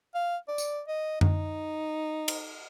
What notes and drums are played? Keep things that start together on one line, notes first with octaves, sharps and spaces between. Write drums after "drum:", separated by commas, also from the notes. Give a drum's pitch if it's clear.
F5
D5
drum: tambourine
D#5
D#4, drum: tom F#2
drum: cymbal